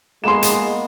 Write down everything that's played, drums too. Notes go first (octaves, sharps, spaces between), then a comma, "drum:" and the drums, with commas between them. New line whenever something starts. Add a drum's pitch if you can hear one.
G#3 A#3 B3 G#4 C6 E7
drum: hi-hat